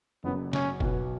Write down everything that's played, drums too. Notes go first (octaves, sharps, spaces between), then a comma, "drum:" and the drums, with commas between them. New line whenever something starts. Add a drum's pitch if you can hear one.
F#1 F#2 F#3 B3
C#4, drum: snare
B1 B2 B3 F#4, drum: kick F1